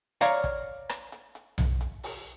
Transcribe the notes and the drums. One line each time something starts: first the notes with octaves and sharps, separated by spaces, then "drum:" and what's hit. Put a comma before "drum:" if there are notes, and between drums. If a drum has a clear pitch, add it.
C#5 D5 F5 A#5, drum: rim click
drum: kick, hi-hat
drum: rim click
drum: hi-hat
drum: hi-hat
drum: tom B1
drum: hi-hat
drum: open hi-hat